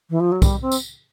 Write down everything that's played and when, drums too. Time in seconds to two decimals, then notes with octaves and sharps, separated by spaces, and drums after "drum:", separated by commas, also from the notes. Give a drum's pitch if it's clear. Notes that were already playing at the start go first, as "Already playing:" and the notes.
0.10 E3
0.20 F3
0.32 F#3
0.42 G3, drum: kick B1, tambourine
0.61 C4
0.72 drum: tambourine